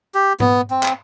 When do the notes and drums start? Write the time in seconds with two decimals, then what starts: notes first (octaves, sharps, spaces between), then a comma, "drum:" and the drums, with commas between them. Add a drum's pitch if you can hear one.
0.15 G4
0.40 B3, drum: tom G#2
0.70 C4
0.83 drum: clap